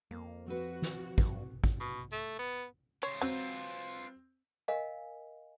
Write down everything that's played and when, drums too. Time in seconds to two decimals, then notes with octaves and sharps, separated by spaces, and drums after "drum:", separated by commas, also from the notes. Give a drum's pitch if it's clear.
0.11 F2 A#3
0.48 F3 C4 F#4 B4
0.82 drum: snare
1.18 G2, drum: kick
1.64 drum: kick
1.80 B2
2.12 A3
2.39 B3
3.03 C#3 C5 C#5
3.21 F#3 C4 F4 B4
4.68 A#4 D#5 F5 G#5